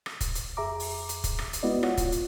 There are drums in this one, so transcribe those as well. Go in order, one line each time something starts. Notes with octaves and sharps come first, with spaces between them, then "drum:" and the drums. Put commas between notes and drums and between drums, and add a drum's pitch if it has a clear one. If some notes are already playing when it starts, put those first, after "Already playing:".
drum: rim click
drum: kick, hi-hat
drum: hi-hat
F2 G#4 E5 A#5 D6
drum: open hi-hat
drum: hi-hat
drum: kick, hi-hat
drum: rim click
drum: hi-hat
G#3 B3 E4 F#4 D5 D#5
F4 C#5 F#5, drum: rim click
drum: kick, hi-hat
drum: hi-hat